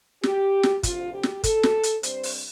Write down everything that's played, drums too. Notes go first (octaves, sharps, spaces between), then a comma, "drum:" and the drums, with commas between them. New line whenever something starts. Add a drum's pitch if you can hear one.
G4, drum: snare
drum: snare
D2 C3 F3 F4, drum: kick, hi-hat
G4
drum: snare
A4, drum: kick, hi-hat
drum: snare
drum: hi-hat
G2 G3 C4 C5, drum: hi-hat
drum: open hi-hat